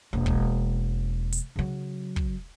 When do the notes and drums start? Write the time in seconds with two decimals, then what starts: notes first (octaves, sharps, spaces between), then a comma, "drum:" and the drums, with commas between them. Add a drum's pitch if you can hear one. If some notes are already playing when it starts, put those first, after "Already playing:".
0.13 E1 A#3
0.26 drum: kick
1.32 drum: hi-hat
1.56 C#3 F#3
2.16 drum: kick